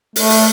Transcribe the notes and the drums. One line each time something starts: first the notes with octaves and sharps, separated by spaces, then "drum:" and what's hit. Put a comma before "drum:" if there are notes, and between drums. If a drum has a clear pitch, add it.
A3, drum: open hi-hat
drum: open hi-hat